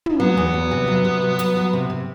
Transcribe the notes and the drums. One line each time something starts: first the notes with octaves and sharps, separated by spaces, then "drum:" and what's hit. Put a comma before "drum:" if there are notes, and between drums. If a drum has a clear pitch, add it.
drum: tom
F#3 B3
E2
F#3
C3
F#3
C3
F#3
F#3, drum: hi-hat
F#3
C3
C3